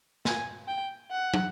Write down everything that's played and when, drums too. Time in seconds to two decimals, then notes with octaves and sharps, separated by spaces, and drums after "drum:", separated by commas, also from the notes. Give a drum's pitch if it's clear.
0.25 G#5, drum: snare
0.68 G5
1.11 F#5
1.34 drum: tom